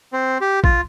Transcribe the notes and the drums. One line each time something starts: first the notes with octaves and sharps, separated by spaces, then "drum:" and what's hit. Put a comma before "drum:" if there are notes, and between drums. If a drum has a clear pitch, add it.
C4
G4
F4, drum: kick